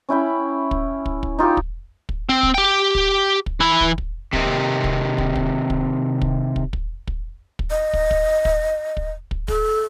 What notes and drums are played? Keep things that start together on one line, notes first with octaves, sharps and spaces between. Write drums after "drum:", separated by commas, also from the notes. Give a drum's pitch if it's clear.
C#4 E4 G5 B5
drum: kick
drum: kick
drum: kick
D#4 F4 G4
drum: kick
drum: kick
C4
drum: kick
G4 G5
drum: kick
drum: kick
E3 E4
drum: kick
drum: kick
C3 D#3, drum: kick
drum: kick
drum: kick
drum: kick
drum: kick
drum: kick
drum: kick
drum: kick
drum: kick
drum: kick
D#5
drum: kick
drum: kick
drum: kick
drum: kick
drum: kick
A4, drum: kick